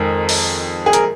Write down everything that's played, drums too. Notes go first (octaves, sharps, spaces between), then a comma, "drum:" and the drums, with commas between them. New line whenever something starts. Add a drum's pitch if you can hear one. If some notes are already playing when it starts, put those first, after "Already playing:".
Already playing: F2 D#3 G#3 A#4
drum: open hi-hat
G#4
A#4, drum: hi-hat